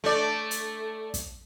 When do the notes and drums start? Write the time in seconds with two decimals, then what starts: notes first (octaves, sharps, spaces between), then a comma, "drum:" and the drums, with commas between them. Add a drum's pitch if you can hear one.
0.04 A3 D5
0.51 drum: hi-hat
1.14 drum: kick, hi-hat